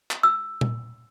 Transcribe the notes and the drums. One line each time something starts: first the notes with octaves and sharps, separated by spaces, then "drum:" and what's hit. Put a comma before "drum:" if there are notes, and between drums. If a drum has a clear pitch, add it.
drum: clap
E6
drum: tom A#2